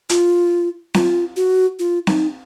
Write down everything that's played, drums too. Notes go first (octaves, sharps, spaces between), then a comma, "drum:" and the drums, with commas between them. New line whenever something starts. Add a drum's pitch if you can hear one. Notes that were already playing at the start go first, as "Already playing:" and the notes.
F4, drum: hi-hat
F4, drum: snare C4
F#4
F4
D#4, drum: snare C4